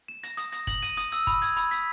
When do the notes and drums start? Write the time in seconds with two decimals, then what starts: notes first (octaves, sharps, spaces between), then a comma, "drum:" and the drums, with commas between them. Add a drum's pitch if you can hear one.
0.08 E7
0.23 A#6, drum: hi-hat
0.37 D#6, drum: hi-hat
0.52 A#6, drum: hi-hat
0.67 F#7, drum: kick, hi-hat
0.82 D#7, drum: hi-hat
0.97 D#6, drum: hi-hat
1.12 E6, drum: hi-hat
1.27 B5, drum: kick, hi-hat
1.42 G#6, drum: hi-hat
1.57 B5, drum: hi-hat
1.71 B6, drum: hi-hat